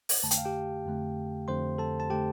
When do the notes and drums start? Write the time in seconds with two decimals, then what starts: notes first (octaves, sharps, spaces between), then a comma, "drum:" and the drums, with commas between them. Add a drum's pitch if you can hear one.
0.09 drum: open hi-hat
0.23 F2 D3 A3 A5
0.31 G5, drum: hi-hat
0.38 F5
0.45 G4 G5
0.86 F2 D3 A3
1.48 F2 D3 A3 C5 C6
1.78 A4 A5
2.00 A5
2.10 D3 A3 G4 G5